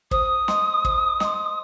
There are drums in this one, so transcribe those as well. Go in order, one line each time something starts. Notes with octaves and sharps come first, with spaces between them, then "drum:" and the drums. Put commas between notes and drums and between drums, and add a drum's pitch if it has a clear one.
C5 D#6, drum: kick
D#5 C6, drum: snare
C5, drum: kick
D#5 C6, drum: snare